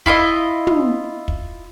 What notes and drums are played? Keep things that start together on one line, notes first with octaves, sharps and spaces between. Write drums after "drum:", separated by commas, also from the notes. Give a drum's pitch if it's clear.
E4 F4 A4 D#5, drum: kick
drum: tom
drum: kick